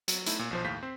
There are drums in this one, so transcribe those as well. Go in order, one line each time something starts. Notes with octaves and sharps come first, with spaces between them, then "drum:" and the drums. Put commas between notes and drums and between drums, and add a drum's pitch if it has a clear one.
F#3, drum: hi-hat
A3 D#4 E4, drum: hi-hat
A#2
B1 F3 C5
D#2 A2 F5 G6 B6
C4 C5